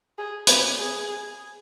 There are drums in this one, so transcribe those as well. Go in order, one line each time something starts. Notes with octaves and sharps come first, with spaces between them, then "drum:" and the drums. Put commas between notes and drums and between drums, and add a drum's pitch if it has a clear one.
G#4
B4, drum: hi-hat
G#4